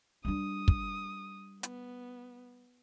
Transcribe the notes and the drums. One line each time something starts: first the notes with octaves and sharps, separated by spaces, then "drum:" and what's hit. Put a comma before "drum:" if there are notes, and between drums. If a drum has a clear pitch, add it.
G3 D4 D#6
drum: kick
B3, drum: hi-hat